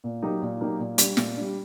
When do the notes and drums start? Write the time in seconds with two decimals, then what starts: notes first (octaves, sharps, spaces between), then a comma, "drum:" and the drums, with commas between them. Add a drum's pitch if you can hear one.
0.04 A#2
0.23 F#3 A#3 D#4 G4
0.42 A#2
0.61 F#3 A#3 D#4 G4
0.79 A#2
0.98 G3 D4, drum: hi-hat
1.17 A#2, drum: snare
1.37 G3 D4